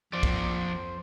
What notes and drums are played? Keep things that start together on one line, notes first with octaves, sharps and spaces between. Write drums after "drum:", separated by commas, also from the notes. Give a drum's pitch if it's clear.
F2 F3 C5 D5
drum: kick